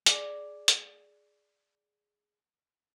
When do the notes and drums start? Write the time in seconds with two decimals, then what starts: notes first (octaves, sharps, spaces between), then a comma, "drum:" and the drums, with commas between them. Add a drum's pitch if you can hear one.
0.06 G#4 D5, drum: hi-hat
0.68 drum: hi-hat